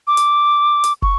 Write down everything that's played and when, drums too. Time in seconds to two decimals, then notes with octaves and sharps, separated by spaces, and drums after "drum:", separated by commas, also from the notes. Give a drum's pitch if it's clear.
0.07 D6
0.17 drum: hi-hat
0.84 drum: hi-hat
1.02 C#6, drum: kick